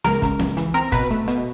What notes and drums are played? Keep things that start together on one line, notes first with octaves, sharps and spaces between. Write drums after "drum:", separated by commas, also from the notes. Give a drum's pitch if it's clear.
C#2 A#4, drum: snare
C#2, drum: kick, hi-hat
C#2, drum: snare
E3, drum: hi-hat
C4 A#4
B2 B4, drum: kick, hi-hat
A3
B2, drum: hi-hat